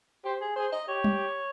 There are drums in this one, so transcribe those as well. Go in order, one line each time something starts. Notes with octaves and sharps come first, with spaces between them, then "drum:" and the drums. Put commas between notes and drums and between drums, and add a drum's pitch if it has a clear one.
G4 C5
G#4
G#4 C5
D#5
G4 C#5
drum: tom G3